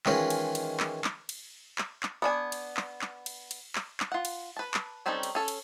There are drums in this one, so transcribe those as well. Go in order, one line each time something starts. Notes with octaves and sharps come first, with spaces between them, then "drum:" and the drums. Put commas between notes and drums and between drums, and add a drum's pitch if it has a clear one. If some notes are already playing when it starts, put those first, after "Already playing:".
D#3 E3 G#3 C#4 F4, drum: clap
drum: cymbal
drum: cymbal
drum: clap
drum: clap
drum: cymbal
drum: clap
drum: clap
B3 D4 G#5
drum: cymbal
drum: clap
drum: clap
drum: cymbal
drum: cymbal
drum: clap
drum: clap
F4 F#5
drum: cymbal
B4 A5
drum: clap
G3 C4 C#4 D#4 A4
drum: cymbal
C#4 A4
drum: cymbal